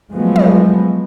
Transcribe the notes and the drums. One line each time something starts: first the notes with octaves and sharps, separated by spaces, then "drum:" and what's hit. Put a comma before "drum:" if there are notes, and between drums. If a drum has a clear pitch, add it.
F3 F#3 G#3 A3 B3
drum: tom